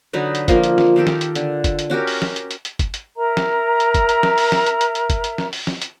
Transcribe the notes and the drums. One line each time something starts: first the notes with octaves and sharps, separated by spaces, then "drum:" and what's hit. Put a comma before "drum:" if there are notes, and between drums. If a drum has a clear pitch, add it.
D3 F#3 D#4 B4
drum: hi-hat
F3 A#3 F4, drum: kick, hi-hat
drum: hi-hat
drum: snare
D#3 F4 G4 A4
drum: snare
drum: hi-hat
D3, drum: hi-hat
drum: kick, hi-hat
drum: hi-hat
C#4 F#4 G4 A#4
drum: open hi-hat
drum: snare
drum: hi-hat
drum: hi-hat
drum: hi-hat
drum: kick, hi-hat
drum: hi-hat
A#4 E5 A#5
drum: snare
drum: hi-hat
drum: kick, hi-hat
drum: hi-hat
drum: snare
drum: open hi-hat
drum: snare
drum: hi-hat
drum: hi-hat
drum: hi-hat
drum: kick, hi-hat
drum: hi-hat
drum: snare
drum: open hi-hat
drum: snare
drum: hi-hat